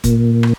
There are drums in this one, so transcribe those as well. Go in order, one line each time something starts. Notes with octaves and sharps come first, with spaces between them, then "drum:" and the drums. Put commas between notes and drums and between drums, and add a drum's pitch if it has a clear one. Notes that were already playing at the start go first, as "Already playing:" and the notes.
A#2, drum: kick G1, hi-hat
drum: rim click